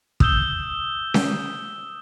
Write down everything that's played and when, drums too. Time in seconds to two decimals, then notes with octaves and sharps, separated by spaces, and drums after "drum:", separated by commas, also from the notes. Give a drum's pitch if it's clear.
0.20 D#6 E6 G6 E7 G7, drum: kick
1.14 drum: snare C#4